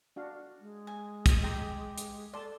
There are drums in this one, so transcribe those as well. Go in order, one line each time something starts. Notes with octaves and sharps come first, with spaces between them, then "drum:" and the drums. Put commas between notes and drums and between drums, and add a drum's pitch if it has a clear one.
D4 F#4 F5
G#3
G#5
drum: kick, hi-hat
G4 G5 A#5 C6
drum: hi-hat
A4 D5 A5 C6